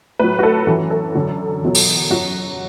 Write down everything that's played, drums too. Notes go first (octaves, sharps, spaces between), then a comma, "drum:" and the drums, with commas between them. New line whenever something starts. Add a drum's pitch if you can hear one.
A2 F#3 B4
F#4
A4
F#2 E3 F#4
A4
F#2 D3 F#3
E2 B2 F#3
drum: open hi-hat
F#2 F#3 F#4